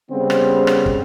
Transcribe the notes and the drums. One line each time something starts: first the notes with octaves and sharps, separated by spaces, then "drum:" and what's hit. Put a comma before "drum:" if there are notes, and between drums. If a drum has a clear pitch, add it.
C#3 G3 B3 C4
drum: rim click
drum: rim click
drum: kick